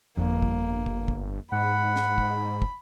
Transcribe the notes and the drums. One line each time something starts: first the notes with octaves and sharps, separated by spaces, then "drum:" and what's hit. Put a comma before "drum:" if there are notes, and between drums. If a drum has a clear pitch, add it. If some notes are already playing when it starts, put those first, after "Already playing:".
G1 F2 A#3
drum: kick
drum: kick
drum: kick
G#2 F#5 B5
drum: snare
drum: kick
drum: kick